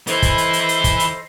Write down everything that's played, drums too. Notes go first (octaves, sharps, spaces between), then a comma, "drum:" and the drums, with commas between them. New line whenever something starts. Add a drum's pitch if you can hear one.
E3 E4 A4 C5 D#5, drum: hi-hat
drum: kick, hi-hat
drum: hi-hat
drum: hi-hat
drum: hi-hat
drum: kick, hi-hat
drum: hi-hat